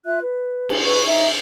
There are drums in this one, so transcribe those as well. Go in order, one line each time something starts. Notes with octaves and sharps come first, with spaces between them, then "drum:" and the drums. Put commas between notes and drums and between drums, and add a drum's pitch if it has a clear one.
F4 E5 F#6
B4
drum: cymbal
B4 C#6
D#4 E5